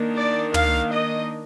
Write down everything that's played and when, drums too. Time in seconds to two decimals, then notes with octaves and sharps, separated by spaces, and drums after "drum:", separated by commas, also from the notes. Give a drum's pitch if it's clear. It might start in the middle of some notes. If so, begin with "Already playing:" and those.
Already playing: D#3 A#3 D4
0.16 D5
0.54 F5, drum: tom
0.92 D#5